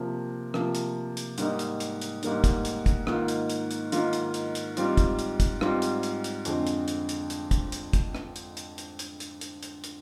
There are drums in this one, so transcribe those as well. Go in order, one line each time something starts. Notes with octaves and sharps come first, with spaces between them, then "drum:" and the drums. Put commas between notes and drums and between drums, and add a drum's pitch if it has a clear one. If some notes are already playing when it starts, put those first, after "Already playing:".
Already playing: C3 F3 A#3
C3 F3 A#3, drum: rim click
drum: hi-hat
drum: hi-hat
G#2 G3 A#3 D#4, drum: hi-hat
drum: hi-hat
drum: hi-hat
drum: hi-hat
G#2 G3 A#3 D#4, drum: hi-hat
drum: kick, hi-hat
drum: hi-hat
drum: kick, hi-hat
G#2 D#3 A#3 F4, drum: rim click
drum: hi-hat
drum: hi-hat
drum: hi-hat
G#2 D#3 A#3 F4, drum: hi-hat
drum: hi-hat
drum: hi-hat
drum: hi-hat
G#2 G3 C4 F4, drum: hi-hat
drum: kick, hi-hat
drum: hi-hat
drum: kick, hi-hat
G#2 G3 C4 F4, drum: rim click
drum: hi-hat
drum: hi-hat
drum: hi-hat
F2 D3 G#3 C4, drum: hi-hat
drum: hi-hat
drum: hi-hat
drum: hi-hat
drum: hi-hat
drum: kick, hi-hat
drum: hi-hat
drum: kick, hi-hat
drum: rim click
drum: hi-hat
drum: hi-hat
drum: hi-hat
drum: hi-hat
drum: hi-hat
drum: hi-hat
drum: hi-hat
drum: hi-hat